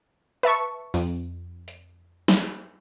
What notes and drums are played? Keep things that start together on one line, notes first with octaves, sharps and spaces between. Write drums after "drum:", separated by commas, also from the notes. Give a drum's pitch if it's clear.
B4 E5 A5 C#6
F2, drum: open hi-hat
drum: hi-hat
drum: snare